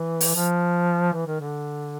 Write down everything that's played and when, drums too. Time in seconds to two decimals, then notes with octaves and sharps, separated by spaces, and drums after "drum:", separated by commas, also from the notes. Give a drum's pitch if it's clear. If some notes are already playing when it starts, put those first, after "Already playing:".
Already playing: E3
0.21 drum: open hi-hat
0.35 F3
1.13 E3
1.27 D#3
1.40 D3